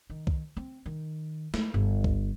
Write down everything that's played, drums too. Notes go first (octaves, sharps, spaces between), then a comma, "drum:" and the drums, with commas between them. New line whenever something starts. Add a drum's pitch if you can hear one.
D#3
drum: kick C2
C4
D#3
A3, drum: snare
G1
drum: kick C2